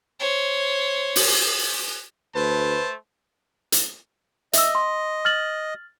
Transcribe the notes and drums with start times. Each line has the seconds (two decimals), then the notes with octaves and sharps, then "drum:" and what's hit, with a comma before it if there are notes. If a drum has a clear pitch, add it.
0.20 C5 C#5
1.16 drum: open hi-hat
2.35 D2 A3 B4 C5 A5
3.72 drum: hi-hat
4.53 D#5 E5 E6, drum: hi-hat
4.75 C6
5.25 F6 A6 F#7